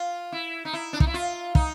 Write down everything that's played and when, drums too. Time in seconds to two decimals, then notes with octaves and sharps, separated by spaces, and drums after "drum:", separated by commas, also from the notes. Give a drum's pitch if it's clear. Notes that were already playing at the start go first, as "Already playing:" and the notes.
Already playing: F4
0.32 E4
0.65 D#4
0.73 E4
0.93 D4
1.00 D#4, drum: kick
1.07 E4
1.14 F4
1.55 D#4, drum: kick